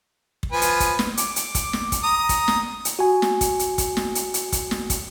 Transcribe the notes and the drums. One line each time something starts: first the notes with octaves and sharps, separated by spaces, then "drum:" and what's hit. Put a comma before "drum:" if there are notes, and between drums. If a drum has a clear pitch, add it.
drum: kick
F3 B4 G#5
drum: hi-hat
drum: kick, hi-hat
drum: snare
D6, drum: hi-hat
drum: hi-hat
drum: kick, hi-hat
drum: snare
drum: kick, hi-hat
A#5 D#6
drum: kick, hi-hat
drum: snare
drum: hi-hat
F#4 G#5
drum: snare
drum: kick, hi-hat
drum: hi-hat
drum: kick, hi-hat
drum: snare
drum: hi-hat
drum: hi-hat
drum: kick, hi-hat
drum: snare
drum: kick, hi-hat